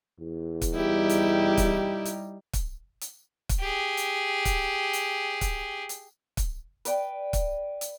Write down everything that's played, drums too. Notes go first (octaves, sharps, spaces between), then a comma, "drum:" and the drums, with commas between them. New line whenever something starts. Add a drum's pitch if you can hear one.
E2
drum: kick, hi-hat
G3 D#4 E4 G4
drum: hi-hat
drum: kick, hi-hat
drum: hi-hat
drum: kick, hi-hat
drum: hi-hat
drum: kick, hi-hat
G4 G#4
drum: hi-hat
drum: kick, hi-hat
drum: hi-hat
drum: kick, hi-hat
drum: hi-hat
drum: kick, hi-hat
B4 D5 G5, drum: hi-hat
drum: kick, hi-hat
drum: hi-hat